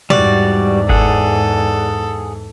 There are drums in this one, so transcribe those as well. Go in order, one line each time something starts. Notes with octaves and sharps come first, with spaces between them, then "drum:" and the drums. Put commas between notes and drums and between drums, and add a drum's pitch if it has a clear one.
E2 G#2 G3 F#4 D5, drum: tom
G#4 A4 F#5, drum: kick G1